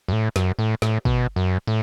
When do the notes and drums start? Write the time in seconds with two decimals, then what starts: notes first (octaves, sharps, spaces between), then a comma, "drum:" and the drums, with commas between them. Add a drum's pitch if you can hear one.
0.08 F#2
0.13 A2
0.36 F#2, drum: snare
0.59 A2
0.82 A2, drum: snare
1.05 B2, drum: kick
1.36 F#2
1.67 A2